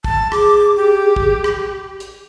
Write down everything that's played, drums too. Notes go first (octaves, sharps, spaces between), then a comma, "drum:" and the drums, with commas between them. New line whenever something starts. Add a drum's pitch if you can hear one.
A5, drum: kick
G#4 D6, drum: rim click
G4
drum: kick
drum: rim click
drum: hi-hat